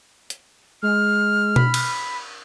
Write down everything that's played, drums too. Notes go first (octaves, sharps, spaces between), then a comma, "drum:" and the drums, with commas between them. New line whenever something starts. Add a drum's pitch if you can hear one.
drum: hi-hat
G#3 F6
B5, drum: tom B2
drum: cymbal